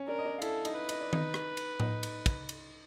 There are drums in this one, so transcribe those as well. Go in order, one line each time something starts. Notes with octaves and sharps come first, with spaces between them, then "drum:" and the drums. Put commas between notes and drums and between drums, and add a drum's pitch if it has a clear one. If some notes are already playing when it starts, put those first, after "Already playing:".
Already playing: C#4 C#5
D4 A#4 D5
D#5
D4 D5
F5
E4 A4 E5, drum: cymbal
D#4 D#5, drum: cymbal
B4
D#5, drum: cymbal
D5
D#4 D#5, drum: tom D#3
drum: rim click
drum: cymbal
D#4 D#5, drum: tom A2
drum: cymbal
drum: kick, cymbal
drum: cymbal